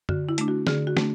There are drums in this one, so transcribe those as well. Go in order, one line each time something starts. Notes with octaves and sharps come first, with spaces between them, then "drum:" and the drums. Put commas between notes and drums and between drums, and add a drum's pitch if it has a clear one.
D3 F#4, drum: tom F#2
E4
A3 D4, drum: hi-hat
F#4
D3 G#4, drum: snare
F#4
A3 D4, drum: snare